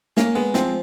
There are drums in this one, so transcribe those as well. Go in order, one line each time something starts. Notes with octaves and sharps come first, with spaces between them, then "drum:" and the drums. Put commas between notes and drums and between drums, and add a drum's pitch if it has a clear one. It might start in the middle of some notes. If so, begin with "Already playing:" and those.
A#3 C#4, drum: snare
G#3 B3
F3 C4, drum: snare